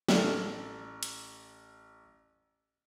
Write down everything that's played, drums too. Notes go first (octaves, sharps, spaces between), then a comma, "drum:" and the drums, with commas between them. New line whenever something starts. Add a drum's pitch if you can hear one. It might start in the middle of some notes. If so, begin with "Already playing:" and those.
A1 A4 D5 F6, drum: snare
drum: hi-hat